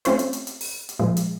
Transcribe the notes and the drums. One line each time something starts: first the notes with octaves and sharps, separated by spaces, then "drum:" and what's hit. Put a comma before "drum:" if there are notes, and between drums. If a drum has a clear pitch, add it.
A3 C4 C#4 F4 C5 C#5, drum: hi-hat
drum: hi-hat
drum: hi-hat
drum: hi-hat
drum: open hi-hat
drum: hi-hat
A#2 F3 G#3
drum: hi-hat